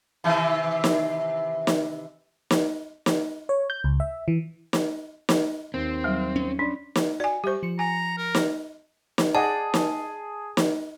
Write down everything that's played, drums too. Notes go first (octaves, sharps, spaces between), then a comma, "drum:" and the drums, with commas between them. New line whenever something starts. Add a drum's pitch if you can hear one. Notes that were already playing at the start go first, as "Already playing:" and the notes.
C3 D#3 E3
drum: snare
drum: snare
drum: snare
drum: snare
C#5
G6
C#2
E5
E3
drum: snare
drum: snare
D#2 C4
F#3 G3
C#4
D4 D5 C6
drum: snare
F#4 D5 G#5
G3 G4 C5 E5 C#6
F3 C#7
G#5 A#5
A#4
drum: snare
drum: snare
G#4 D5 D#5 F#5 A5
drum: snare
drum: snare